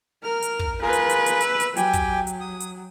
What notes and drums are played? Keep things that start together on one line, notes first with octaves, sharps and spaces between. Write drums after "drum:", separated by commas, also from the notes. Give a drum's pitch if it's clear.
A#4 F6
drum: hi-hat
drum: kick
F4 G#4 A#4 B4
drum: hi-hat
drum: hi-hat
drum: hi-hat
E6, drum: hi-hat
drum: hi-hat
F#3 G4 G5 G#5, drum: hi-hat
drum: kick, hi-hat
drum: hi-hat
D#6
drum: hi-hat